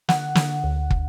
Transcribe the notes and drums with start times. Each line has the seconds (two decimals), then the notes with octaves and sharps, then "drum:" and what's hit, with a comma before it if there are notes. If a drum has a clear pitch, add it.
0.09 D3 F#5, drum: snare
0.35 D3, drum: snare
0.64 D2
0.90 drum: kick